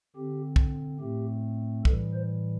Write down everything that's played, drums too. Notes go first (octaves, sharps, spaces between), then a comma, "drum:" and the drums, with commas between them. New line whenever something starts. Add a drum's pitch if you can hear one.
D3 C4 G4
drum: kick
A2 A3 C4 G4
A2 E3 G3 A4, drum: kick
C5